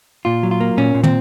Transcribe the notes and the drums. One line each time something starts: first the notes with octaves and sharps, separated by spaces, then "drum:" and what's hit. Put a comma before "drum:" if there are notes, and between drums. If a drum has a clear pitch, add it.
A#2 F4
F#3
F4
A#3
A#2 C#4
A#2
C4, drum: tom